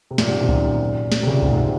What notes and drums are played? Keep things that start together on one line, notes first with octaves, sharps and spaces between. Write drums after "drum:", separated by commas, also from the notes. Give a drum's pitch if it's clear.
C3
F#2 A#2, drum: snare
G#2 C3
C3 D#3
F#2 A#2, drum: kick C2
drum: snare
C3
A#2 C#3
G#2 C3, drum: kick C2
A#2
G#2 C3